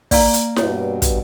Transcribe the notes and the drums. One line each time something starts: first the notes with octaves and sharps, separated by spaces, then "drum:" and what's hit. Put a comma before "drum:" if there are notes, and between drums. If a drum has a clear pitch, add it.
A#3 D5 F5 A#5, drum: kick, open hi-hat
drum: hi-hat
G2 B2 C#5, drum: snare E4
drum: kick, hi-hat